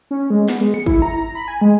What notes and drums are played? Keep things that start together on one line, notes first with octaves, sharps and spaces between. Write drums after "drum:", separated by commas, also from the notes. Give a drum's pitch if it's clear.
C#4
G#3
B3, drum: snare
G#3
C#7
E4, drum: kick
A#5
A#5
B5
G#5
G#3